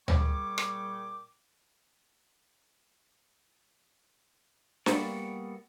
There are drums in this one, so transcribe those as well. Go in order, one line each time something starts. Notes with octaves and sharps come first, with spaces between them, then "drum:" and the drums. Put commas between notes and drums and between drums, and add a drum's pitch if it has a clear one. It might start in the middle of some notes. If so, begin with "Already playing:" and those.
A#2 G3 G#4 G5 C#6 D6, drum: tom
drum: rim click
G3 A#3 B3 F#4 A4 D5, drum: snare